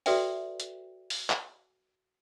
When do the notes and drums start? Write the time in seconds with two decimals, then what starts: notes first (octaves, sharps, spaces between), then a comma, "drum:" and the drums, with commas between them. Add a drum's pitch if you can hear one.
0.06 F#4 A4 B4 D5 E5 G5, drum: open hi-hat
0.60 drum: hi-hat
1.10 drum: open hi-hat
1.30 drum: clap